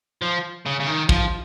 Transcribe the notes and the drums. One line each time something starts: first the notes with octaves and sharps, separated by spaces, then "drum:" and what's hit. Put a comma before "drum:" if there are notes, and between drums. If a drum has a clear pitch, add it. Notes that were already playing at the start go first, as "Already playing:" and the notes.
F3
C#3
C#3
D#3
F3, drum: kick